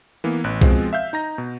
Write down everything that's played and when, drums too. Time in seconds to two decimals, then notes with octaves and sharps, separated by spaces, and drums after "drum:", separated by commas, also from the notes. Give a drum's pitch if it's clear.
0.24 E3 A#3 B3
0.44 A1 F#6
0.61 B2 F3 G#3 C4, drum: kick B1
0.93 E5 F5 G6
1.13 D#4 A#5 A#6
1.38 B2